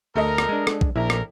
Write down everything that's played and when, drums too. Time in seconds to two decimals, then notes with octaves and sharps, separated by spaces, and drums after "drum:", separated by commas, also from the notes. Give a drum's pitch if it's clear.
0.16 D2 A3 A4 A#4 D#5
0.38 drum: rim click
0.49 G#3 D4
0.67 drum: rim click
0.81 drum: kick
0.96 A#1 E4 A#4
1.10 drum: rim click